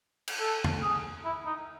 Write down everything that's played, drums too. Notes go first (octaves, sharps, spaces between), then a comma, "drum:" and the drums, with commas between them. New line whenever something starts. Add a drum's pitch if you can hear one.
drum: cymbal
A4
drum: tom
G#4
E4
D#4